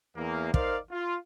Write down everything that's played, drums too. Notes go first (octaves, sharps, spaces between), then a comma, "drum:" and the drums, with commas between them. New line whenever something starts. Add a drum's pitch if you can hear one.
E2 A#3
D#4 A#4 C5 D5 F5, drum: kick
F4